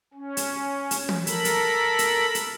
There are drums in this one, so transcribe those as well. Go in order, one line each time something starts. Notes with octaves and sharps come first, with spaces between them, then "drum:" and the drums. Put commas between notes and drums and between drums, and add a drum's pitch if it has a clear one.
C#4
drum: hi-hat
drum: hi-hat
drum: tom
A4 A#4 B5, drum: hi-hat
drum: hi-hat
drum: hi-hat
drum: hi-hat